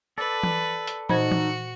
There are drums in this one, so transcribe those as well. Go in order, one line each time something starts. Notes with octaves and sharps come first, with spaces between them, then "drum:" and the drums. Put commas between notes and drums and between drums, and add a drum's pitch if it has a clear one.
A4 B4 D5
drum: tom
drum: hi-hat
A#2 D#4 F#4 C5 G#6 C#7, drum: tom
drum: tom